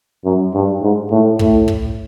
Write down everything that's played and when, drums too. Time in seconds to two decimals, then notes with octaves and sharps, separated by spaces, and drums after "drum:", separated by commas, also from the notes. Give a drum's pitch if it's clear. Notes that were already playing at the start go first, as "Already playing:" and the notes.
0.25 F#2
0.54 G2
0.82 G#2
1.11 A2
1.39 A2, drum: kick
1.68 drum: kick